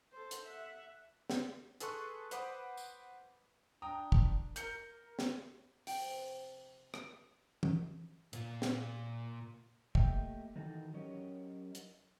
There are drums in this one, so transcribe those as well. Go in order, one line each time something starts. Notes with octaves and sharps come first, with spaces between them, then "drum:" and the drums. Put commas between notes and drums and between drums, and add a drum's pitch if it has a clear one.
A4 C5
drum: hi-hat
E5 F#5
drum: snare
G#4 A4 B4 C6 C#6 F#6, drum: hi-hat
B4 C5 F#5 B5 D6 D#6, drum: hi-hat
drum: tambourine
D4 G5 A#5 D#6
drum: kick
A#4 G6 C#7, drum: hi-hat
drum: snare
C3 F3 D4 G5, drum: open hi-hat
drum: rim click
drum: tom
A#2 F4, drum: hi-hat
drum: snare
A3 A#3 G4 D#5 E5 G5, drum: kick
D#3 E3 D#4 F#4 A4
F#3 C#4 G4 A#4 C#5 D#5
drum: hi-hat